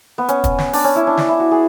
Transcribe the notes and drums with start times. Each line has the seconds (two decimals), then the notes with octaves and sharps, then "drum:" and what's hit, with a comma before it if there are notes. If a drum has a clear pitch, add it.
0.18 B3
0.29 C#4, drum: hi-hat
0.44 drum: kick, hi-hat
0.58 drum: snare
0.73 D4, drum: open hi-hat
0.84 C#4
0.96 E4
1.07 D4
1.17 D4, drum: snare
1.29 E4
1.40 F#4
1.51 G#4